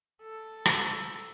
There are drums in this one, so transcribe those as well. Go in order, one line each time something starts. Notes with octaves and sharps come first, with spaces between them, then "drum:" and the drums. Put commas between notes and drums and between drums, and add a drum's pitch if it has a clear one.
A4
drum: rim click